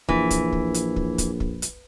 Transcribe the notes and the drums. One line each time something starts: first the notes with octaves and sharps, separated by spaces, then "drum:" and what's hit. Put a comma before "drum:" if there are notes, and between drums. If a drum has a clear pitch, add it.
A#1 E3, drum: kick
drum: kick, hi-hat
drum: kick
drum: hi-hat
drum: kick
drum: kick, hi-hat
drum: kick
drum: hi-hat